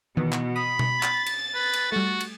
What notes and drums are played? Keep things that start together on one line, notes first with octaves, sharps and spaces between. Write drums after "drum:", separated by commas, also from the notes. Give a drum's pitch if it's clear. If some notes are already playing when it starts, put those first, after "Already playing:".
B2 D#3 E3 B3
drum: clap
B5 D#6
drum: tom B2
A6, drum: clap
drum: cymbal
B4
drum: cymbal
G3 A3 F#4
drum: cymbal